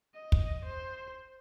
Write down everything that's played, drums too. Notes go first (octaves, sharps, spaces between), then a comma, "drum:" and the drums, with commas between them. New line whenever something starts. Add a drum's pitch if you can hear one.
D#5
drum: kick
C5